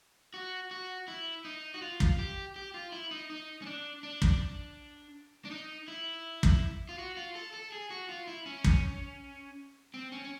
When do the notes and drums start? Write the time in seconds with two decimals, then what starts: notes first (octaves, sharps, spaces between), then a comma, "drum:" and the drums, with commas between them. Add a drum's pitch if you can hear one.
0.34 F#4
0.71 F#4
1.08 E4
1.45 D#4
1.74 F#4
1.82 F4
2.00 drum: kick
2.19 G4
2.56 G4
2.74 F4
2.92 E4
3.11 D#4
3.30 D#4
3.62 C#4
3.66 D4
4.03 D4
4.22 drum: kick
5.45 D4
5.51 D#4
5.88 E4
6.43 drum: kick
6.89 F4
6.98 F#4
7.17 F4
7.35 A4
7.54 A4
7.72 G#4
7.90 F#4
8.09 F4
8.27 E4
8.46 C#4
8.64 drum: kick
9.94 C4
10.12 C#4
10.24 C#4